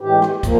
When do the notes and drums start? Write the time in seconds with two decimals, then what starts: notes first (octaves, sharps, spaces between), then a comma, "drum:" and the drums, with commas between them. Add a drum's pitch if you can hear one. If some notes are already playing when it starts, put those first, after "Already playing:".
0.01 A2 E3 G#3 G4
0.22 drum: rim click
0.43 A#2 F3 A#3, drum: kick, hi-hat